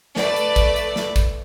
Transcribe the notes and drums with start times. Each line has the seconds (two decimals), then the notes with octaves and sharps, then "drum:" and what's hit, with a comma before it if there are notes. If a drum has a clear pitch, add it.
0.16 A3 B4 D5, drum: snare
0.36 drum: hi-hat
0.56 drum: kick, hi-hat
0.76 drum: hi-hat
0.96 drum: snare
1.16 drum: kick, hi-hat